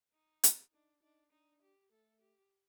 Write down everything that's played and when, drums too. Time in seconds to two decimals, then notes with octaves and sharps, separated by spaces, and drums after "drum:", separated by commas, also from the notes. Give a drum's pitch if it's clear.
0.13 D#4
0.44 drum: hi-hat
0.72 D4 D#4
1.02 D4 D#4
1.32 D4 D#4
1.62 G4
1.91 A3 A4
2.21 G4